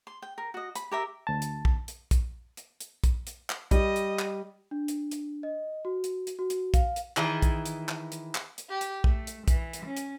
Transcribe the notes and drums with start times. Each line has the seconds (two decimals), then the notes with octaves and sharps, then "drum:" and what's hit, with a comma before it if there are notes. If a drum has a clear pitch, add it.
0.07 C6
0.22 G5
0.38 A#4
0.54 F#4 D#5
0.75 B5, drum: hi-hat
0.91 G4 A#4 E5
1.27 D2 A5
1.42 drum: hi-hat
1.65 drum: kick
1.88 drum: hi-hat
2.11 drum: kick, hi-hat
2.57 drum: hi-hat
2.80 drum: hi-hat
3.04 drum: kick, hi-hat
3.27 drum: hi-hat
3.50 drum: clap
3.71 G3 D#5, drum: kick, hi-hat
3.96 drum: hi-hat
4.19 drum: clap
4.71 D4
4.88 drum: hi-hat
5.11 drum: hi-hat
5.43 D#5
5.85 F#4
6.04 drum: hi-hat
6.27 drum: hi-hat
6.39 F#4
6.50 drum: hi-hat
6.74 F5, drum: kick, hi-hat
6.96 drum: hi-hat
7.17 D#3 E3 E4 G#4, drum: clap
7.42 drum: kick, hi-hat
7.66 drum: hi-hat
7.89 drum: clap
8.12 drum: hi-hat
8.35 drum: clap
8.58 drum: hi-hat
8.69 G4
8.81 drum: hi-hat
9.04 A3, drum: kick
9.27 drum: hi-hat
9.48 E3, drum: kick, hi-hat
9.73 drum: hi-hat
9.86 C#4
9.97 drum: hi-hat